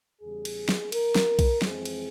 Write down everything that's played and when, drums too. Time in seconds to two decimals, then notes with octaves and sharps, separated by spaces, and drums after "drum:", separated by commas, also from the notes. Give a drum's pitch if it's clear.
0.22 E2 C#3 G3 G#4
0.45 drum: cymbal
0.69 drum: snare
0.92 A#4, drum: cymbal
1.15 drum: snare
1.39 drum: kick B1, cymbal
1.62 F2 E3 G#3 C4 G#4, drum: snare
1.85 drum: cymbal